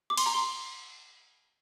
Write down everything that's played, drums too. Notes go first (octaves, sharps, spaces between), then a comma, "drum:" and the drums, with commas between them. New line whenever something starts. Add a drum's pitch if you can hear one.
D6
C6, drum: cymbal
A#5
C6